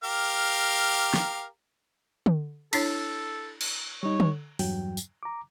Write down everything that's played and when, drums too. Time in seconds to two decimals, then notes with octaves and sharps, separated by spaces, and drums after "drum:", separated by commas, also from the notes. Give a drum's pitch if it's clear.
0.04 G4 A#4 F5
1.14 drum: snare
2.26 drum: tom D3
2.73 D4 E4 A4 C#5, drum: cymbal
3.61 drum: cymbal
4.03 G3 D#4 C#5
4.20 drum: tom D3
4.59 E2 G2 F#3 G5, drum: open hi-hat
4.97 drum: tambourine
5.23 A#5 D6